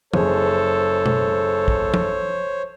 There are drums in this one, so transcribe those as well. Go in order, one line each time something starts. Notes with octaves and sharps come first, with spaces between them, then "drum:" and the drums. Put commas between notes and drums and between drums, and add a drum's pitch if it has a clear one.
F#1 G#4 A4 C5 C#5, drum: tom
drum: tom B2
drum: kick
drum: tom